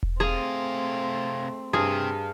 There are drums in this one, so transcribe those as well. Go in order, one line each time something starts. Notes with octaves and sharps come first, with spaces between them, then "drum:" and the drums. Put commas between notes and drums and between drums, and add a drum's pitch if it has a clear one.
drum: kick E1
C3 A3 C4 G#4 F5
G2 C3 G#4